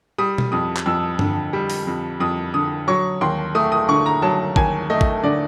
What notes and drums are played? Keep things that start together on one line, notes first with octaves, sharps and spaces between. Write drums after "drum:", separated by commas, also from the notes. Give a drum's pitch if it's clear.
G3 D#6
drum: tom B2
F2 D#6
drum: clap
F2 E6
D3, drum: tom G2
G3
drum: open hi-hat
F2
F2 D#6
D3 D#6
F#3 C#6
D#2 C6
A3 D#6
D#6
D3 C#6
A#5
F#3 A5
D#2 G#5, drum: kick
A3 D#5
drum: kick
D3 D5